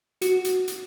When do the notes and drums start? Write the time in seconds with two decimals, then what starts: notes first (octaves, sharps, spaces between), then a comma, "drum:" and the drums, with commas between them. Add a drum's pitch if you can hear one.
0.21 F#4, drum: hi-hat
0.45 drum: hi-hat
0.68 drum: hi-hat